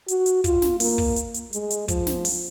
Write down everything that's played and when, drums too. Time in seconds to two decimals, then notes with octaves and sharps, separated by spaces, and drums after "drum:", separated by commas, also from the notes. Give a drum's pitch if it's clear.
0.08 F#4, drum: hi-hat
0.26 drum: hi-hat
0.44 F4, drum: kick, hi-hat
0.62 drum: snare
0.80 A#3, drum: open hi-hat
0.98 drum: kick
1.16 drum: hi-hat
1.34 drum: hi-hat
1.53 G#3, drum: hi-hat
1.70 drum: hi-hat
1.88 F3, drum: kick, hi-hat
2.07 drum: snare
2.25 drum: open hi-hat